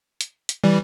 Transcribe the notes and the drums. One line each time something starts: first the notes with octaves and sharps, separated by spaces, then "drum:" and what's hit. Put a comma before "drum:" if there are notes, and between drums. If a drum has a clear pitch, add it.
drum: hi-hat
drum: hi-hat
E3 G3